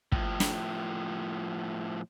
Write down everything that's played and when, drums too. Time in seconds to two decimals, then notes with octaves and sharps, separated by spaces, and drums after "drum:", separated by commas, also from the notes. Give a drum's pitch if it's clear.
0.12 A2 F3, drum: kick
0.40 drum: snare